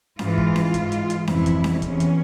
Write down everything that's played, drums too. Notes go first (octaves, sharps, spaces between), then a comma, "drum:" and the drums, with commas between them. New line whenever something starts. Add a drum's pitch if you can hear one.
G#2 E3 F4, drum: snare C#4
drum: kick
drum: snare C#4
G#2 E3, drum: kick, hi-hat
drum: hi-hat
drum: hi-hat
F2 C3 E3 E4, drum: snare C#4
drum: kick, hi-hat
drum: snare C#4
E2 C3 E3 C#4, drum: kick, hi-hat
drum: hi-hat